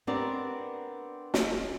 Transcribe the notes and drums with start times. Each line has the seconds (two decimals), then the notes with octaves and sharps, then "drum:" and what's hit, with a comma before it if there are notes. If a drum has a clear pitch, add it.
0.07 B3 C4 D4 G4 A#4 D5
1.34 drum: snare